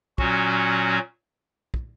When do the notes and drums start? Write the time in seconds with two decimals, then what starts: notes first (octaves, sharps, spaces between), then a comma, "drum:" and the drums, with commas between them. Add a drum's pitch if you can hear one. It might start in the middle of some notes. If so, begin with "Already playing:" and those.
0.18 A#2 F#3 C#4 F#4, drum: kick
1.74 drum: kick